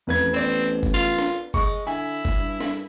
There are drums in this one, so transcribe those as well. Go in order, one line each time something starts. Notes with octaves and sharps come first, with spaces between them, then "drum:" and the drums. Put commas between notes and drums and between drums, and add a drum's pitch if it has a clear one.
A1 F2 B4 G#6
B3 C4 D5
drum: kick F#1
F4
drum: snare
G#3 C#6, drum: kick F#1
D3 E4 G#5
drum: kick F#1
G2
drum: snare